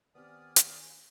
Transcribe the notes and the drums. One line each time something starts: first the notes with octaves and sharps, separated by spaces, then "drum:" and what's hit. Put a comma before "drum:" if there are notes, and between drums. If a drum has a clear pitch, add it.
D#3 B3 C4 G4 D5 G#5 D#6 F6
drum: hi-hat